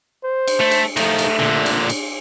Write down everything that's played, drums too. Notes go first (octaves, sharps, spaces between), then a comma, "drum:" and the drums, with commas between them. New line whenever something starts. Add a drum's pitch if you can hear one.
C5
drum: cymbal
A3
drum: cymbal
D#3 F3 A3, drum: cymbal
drum: cymbal
A#2 D3
drum: cymbal
drum: cymbal